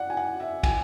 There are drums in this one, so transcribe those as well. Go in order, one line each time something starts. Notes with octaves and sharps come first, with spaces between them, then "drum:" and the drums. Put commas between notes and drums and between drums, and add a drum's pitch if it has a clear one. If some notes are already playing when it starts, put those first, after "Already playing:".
Already playing: D5 F#5
G#5
F#5
E5
G#5, drum: kick, cymbal